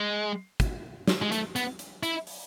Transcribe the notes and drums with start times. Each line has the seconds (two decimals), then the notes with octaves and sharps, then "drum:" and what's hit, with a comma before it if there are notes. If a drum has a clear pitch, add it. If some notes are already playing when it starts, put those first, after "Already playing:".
Already playing: G#3
0.60 drum: kick, hi-hat
1.08 drum: snare
1.22 G#3
1.32 A3, drum: hi-hat
1.56 B3, drum: hi-hat
1.79 drum: hi-hat
2.03 E4, drum: hi-hat
2.27 drum: open hi-hat